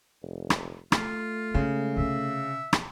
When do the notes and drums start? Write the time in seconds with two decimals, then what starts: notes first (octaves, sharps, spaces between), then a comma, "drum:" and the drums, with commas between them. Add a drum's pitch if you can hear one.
0.22 F1
0.50 drum: rim click
0.92 A3 F4, drum: rim click
1.54 C#3 G#3
1.97 C3 C#4 E5
2.73 drum: rim click